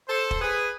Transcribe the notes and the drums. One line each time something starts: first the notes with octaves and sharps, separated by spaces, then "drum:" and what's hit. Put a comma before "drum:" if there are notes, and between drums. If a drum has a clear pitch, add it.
A4 C5
drum: kick
G#4 B4